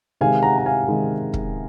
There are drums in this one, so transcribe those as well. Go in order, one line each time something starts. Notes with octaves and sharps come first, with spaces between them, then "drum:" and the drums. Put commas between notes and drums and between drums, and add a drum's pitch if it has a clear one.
C3 D#3 G#3 F5 G#5
F#5 A#5
A#5
F5 G#5
C3 D#3 G#3
drum: kick